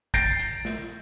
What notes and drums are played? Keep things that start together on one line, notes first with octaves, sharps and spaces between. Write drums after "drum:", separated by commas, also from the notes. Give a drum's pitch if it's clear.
G6 A6 A#6 C7 D7, drum: kick, hi-hat
drum: hi-hat
drum: snare